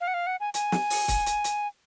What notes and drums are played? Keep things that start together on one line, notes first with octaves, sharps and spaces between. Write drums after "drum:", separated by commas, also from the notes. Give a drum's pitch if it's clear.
F5
F#5
F5
F#5
G#5
G#5, drum: hi-hat
drum: snare
drum: open hi-hat
drum: kick, hi-hat
drum: hi-hat
drum: hi-hat